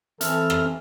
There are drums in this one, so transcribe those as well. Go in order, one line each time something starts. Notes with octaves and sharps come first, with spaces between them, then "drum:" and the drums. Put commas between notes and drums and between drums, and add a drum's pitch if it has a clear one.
E3 C4 A4 E5 F6, drum: hi-hat
drum: rim click